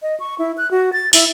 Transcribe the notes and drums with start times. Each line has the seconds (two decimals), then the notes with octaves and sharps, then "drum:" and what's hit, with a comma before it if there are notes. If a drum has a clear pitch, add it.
0.02 D#5
0.20 C#6
0.39 E4
0.58 F#6
0.71 F#4
0.93 A6
1.13 E4, drum: open hi-hat